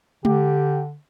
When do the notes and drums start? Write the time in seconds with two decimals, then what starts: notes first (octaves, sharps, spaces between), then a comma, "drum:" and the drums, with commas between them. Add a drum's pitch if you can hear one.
0.25 D3 G4, drum: tom G#3